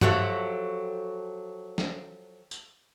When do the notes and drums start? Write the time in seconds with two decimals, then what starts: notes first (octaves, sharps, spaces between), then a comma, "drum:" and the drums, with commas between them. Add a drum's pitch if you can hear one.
0.01 F3 F#3 F#4 G4 A4 E5, drum: tom G2
1.78 drum: snare
2.51 drum: tambourine